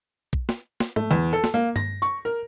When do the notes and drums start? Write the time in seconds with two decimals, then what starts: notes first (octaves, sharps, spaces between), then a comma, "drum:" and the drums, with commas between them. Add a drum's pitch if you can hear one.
0.33 drum: kick A#1
0.49 drum: snare
0.80 drum: snare
0.96 A3, drum: tom G#2
1.11 E2
1.33 A4
1.44 drum: snare
1.54 A#3
1.76 A#6, drum: tom G2
2.02 C#6
2.25 A#4